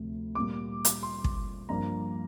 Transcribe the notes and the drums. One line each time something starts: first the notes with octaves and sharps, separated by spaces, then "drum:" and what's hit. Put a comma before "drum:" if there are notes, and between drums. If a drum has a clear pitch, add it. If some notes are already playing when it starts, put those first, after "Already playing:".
Already playing: D2 C3 F3
A#2 G3 A#3 D6
drum: hi-hat
C6
drum: kick
G2 F3 A#3 A#5